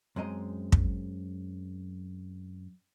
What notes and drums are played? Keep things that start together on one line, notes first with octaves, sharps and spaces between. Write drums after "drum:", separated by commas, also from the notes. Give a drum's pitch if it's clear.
F#2 G#3 C4 D#5 A#5
drum: kick